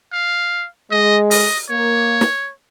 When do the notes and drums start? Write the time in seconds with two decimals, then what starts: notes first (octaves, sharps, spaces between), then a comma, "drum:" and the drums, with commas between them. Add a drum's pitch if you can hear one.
0.13 F5
0.91 G#3 D#5
1.31 D#5, drum: open hi-hat
1.70 A#3 C#5
2.21 drum: snare